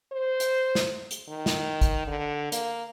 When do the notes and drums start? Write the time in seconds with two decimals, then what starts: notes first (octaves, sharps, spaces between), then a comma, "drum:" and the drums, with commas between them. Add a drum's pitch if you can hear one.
0.12 C5
0.40 drum: hi-hat
0.75 drum: snare
1.11 drum: hi-hat
1.28 D#3
1.46 drum: snare
1.81 drum: kick, hi-hat
2.07 D3
2.52 A#3, drum: hi-hat